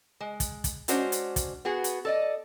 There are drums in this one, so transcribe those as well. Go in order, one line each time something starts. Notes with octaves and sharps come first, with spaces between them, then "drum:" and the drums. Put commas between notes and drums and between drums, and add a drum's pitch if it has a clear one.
G#3
drum: kick, hi-hat
drum: kick, hi-hat
G#3 C#4 D4 F#4 C5, drum: hi-hat
drum: hi-hat
drum: kick, hi-hat
B3 F#4 G#4
drum: hi-hat
A4 D5 D#5